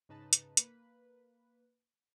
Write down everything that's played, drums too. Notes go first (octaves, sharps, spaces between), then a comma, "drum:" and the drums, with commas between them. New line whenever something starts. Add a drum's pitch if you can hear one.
G#2 C#3 D#4 B4 A5
drum: hi-hat
A#3 B4, drum: hi-hat